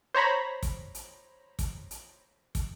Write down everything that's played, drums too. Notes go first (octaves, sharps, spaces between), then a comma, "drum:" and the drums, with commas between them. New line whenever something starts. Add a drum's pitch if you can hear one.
C5 C#5 A#5 B5
drum: kick, hi-hat
drum: hi-hat
drum: kick, hi-hat
drum: hi-hat
drum: kick, hi-hat